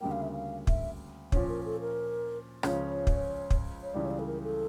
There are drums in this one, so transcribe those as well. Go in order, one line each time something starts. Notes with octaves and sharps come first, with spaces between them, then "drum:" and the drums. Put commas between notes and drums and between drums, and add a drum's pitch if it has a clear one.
D2 C#3 G3 A#3 G5
F5
E5
F5
E5, drum: kick
A#2 F3 C#4 C#5, drum: kick
A#4
A4
A#4
C#2 C#3 F3 C#4 C#5, drum: rim click
drum: kick
drum: kick
C#5
C#2 C#3 E3 G3 D5
C#5
D5
A4
A#4
A4